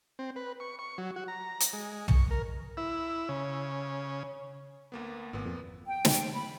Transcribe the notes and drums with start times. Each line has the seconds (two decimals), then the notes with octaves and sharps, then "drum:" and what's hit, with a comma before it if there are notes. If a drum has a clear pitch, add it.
0.19 C4
0.36 B4
0.60 C#6
0.79 C#6
0.98 F#3
1.16 F#4
1.28 A#5
1.60 drum: hi-hat
1.73 G#3
2.08 C#6, drum: tom
2.31 A#4
2.77 E4
3.29 C#3
4.92 D2 A#3 B3
5.33 G#1 A#2 B3
5.45 F2
5.86 G5
6.05 drum: snare
6.33 B5